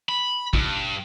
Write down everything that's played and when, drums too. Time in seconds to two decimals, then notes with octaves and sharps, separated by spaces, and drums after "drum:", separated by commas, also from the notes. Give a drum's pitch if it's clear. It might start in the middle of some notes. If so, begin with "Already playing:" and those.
0.09 B5
0.54 G2, drum: kick